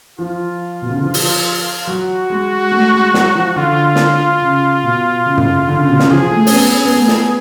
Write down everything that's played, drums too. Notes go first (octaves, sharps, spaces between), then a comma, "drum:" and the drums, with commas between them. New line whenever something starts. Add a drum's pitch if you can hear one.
F3 F4
B2
C#3
D3
F3
drum: open hi-hat
F#3 F#4
G#3
A3
G#3
F#3, drum: snare
F3
D3 F4
drum: snare
C#3
B2
C#3
drum: tom
D3
C#3
B2
C#3, drum: snare
F3 G#4
A3
C#4, drum: open hi-hat
B3
C#4
B3
A3
B3, drum: snare